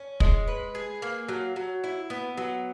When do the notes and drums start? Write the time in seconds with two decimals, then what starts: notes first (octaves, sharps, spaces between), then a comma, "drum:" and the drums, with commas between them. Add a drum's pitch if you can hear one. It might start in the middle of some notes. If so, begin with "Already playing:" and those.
Already playing: C#4
0.20 G#3, drum: kick
0.48 B4
0.75 G#4
1.02 A#3
1.28 F#3
1.56 F#3
1.84 E4
2.10 B3
2.37 F#3